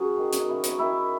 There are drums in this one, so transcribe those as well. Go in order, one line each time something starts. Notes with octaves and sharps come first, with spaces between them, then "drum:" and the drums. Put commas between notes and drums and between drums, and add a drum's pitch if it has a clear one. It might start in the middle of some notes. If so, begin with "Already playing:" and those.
Already playing: F#3 C#4 F#4 G#4
D#3
drum: hi-hat
F#3 C#4 E4
drum: hi-hat
D#3 E4